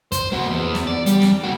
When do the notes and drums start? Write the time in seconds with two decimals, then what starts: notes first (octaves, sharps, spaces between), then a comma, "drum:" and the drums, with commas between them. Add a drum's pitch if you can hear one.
0.12 C5, drum: kick, hi-hat
0.32 A#3 F#4
0.51 E2
0.75 drum: snare
0.87 D5
1.06 G3, drum: hi-hat
1.22 drum: snare
1.43 A#3 F#4